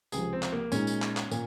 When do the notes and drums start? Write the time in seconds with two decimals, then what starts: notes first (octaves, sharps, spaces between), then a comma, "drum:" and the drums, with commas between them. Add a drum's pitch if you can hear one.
0.12 C#2 C3 F3 G#4, drum: tambourine
0.33 C4
0.43 drum: clap
0.52 A#3
0.72 A#2 G#3 C#4 D#4, drum: tambourine
0.87 drum: tambourine
1.02 drum: clap
1.17 drum: clap
1.31 A#2, drum: tambourine